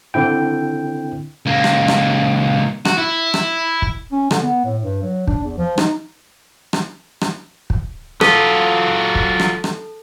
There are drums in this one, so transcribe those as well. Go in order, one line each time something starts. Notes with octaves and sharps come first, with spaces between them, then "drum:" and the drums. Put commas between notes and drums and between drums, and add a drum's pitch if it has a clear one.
D3 C4 E4 G5
C#2 A#3
drum: rim click
drum: rim click
F#4, drum: rim click
E4
drum: rim click
drum: kick
C#4
D3, drum: rim click
B3
A2
G2
F#3
D4, drum: kick
E2
F3
D#4, drum: rim click
drum: rim click
drum: rim click
drum: kick
F#3 F4 A4, drum: rim click
drum: kick
drum: rim click
drum: rim click